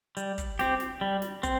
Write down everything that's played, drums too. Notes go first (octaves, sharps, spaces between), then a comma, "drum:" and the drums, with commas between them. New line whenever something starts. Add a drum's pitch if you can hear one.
G3, drum: hi-hat
drum: kick, hi-hat
C4 G4, drum: snare
drum: snare
G3
drum: snare
C4, drum: kick, hi-hat